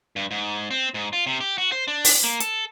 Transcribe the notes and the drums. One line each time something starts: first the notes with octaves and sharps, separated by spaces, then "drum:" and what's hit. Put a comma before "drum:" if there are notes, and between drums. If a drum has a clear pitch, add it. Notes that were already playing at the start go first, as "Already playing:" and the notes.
G2
G#2
C4
G#2
F4
C3
G4
F#4
C5
D4
drum: open hi-hat
A#3
A4, drum: hi-hat